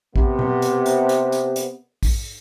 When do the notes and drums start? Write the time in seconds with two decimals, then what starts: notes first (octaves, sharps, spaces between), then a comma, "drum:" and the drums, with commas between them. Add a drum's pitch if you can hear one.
0.16 C3 B3, drum: kick
0.39 drum: tom B2
0.62 drum: hi-hat
0.86 drum: hi-hat
1.09 drum: hi-hat
1.32 drum: hi-hat
1.56 drum: hi-hat
2.03 drum: kick, open hi-hat